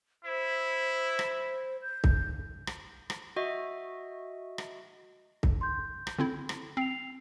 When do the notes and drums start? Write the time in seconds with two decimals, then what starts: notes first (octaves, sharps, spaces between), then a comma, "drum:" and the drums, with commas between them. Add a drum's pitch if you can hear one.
0.25 E4 C5
1.19 drum: rim click
1.82 G6
2.04 drum: kick
2.67 drum: rim click
3.10 drum: rim click
3.36 F#4 D#5 E5
4.58 drum: rim click
5.43 drum: kick
5.61 C6 G6
6.07 drum: rim click
6.19 D3 C4 E4
6.49 drum: rim click
6.77 C4 C7 F7